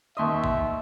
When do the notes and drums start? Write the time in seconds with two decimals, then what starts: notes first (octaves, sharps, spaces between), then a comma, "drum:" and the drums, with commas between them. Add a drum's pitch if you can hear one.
0.17 D#2 D#5 E5 C6 C#6 D#6
0.44 drum: kick G#1